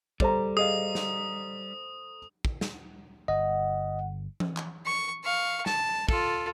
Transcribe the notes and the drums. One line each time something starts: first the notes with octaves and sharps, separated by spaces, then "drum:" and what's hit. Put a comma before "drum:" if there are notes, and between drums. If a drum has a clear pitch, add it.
G3 A4 C5 A#5, drum: kick
G#4 D#5 F5 D#6
drum: snare
drum: kick
drum: snare
G1 D#5 F#5
drum: tom E3
drum: clap
C#6
F5 C#6
A5, drum: snare
F4 A4, drum: kick